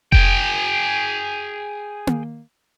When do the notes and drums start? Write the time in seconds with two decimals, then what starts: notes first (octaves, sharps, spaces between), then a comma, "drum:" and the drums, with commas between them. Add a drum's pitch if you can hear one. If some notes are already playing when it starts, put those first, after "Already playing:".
0.12 G#4 G5, drum: kick F1
2.07 drum: tom A#3